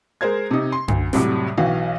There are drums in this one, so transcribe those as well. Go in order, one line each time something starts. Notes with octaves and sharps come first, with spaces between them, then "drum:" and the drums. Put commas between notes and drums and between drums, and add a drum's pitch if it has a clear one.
G#3 A#4 C5 G#6
C3 D#4
C6
D2, drum: tom F#2
F2 A2 C3 F#3 G3, drum: snare
B1 E3 F#4 F5 G5